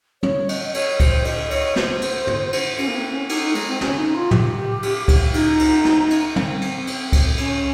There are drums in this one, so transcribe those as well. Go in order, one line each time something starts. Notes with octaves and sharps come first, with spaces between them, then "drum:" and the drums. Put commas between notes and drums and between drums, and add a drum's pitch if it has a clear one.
C#5, drum: tom
D#5, drum: cymbal
D#5
C#5, drum: cymbal
C5, drum: kick C#2, cymbal
D#5, drum: cymbal
C#5, drum: cymbal
C5, drum: snare
drum: cymbal
drum: tom
drum: cymbal
C#4, drum: cymbal
A#3
C4
C#4
D#4, drum: cymbal
D#4
G#3, drum: cymbal
C4
C#4, drum: snare
D#4
F4
G4, drum: tom
drum: cymbal
drum: kick C#2, cymbal
D#4, drum: cymbal
drum: cymbal
drum: snare
drum: cymbal
C4, drum: tom
drum: cymbal
drum: cymbal
drum: kick C#2, cymbal
C#4, drum: cymbal